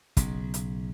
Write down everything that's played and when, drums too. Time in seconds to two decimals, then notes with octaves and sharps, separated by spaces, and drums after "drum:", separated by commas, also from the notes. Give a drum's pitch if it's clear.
0.17 B1 C#3, drum: kick, hi-hat
0.54 drum: hi-hat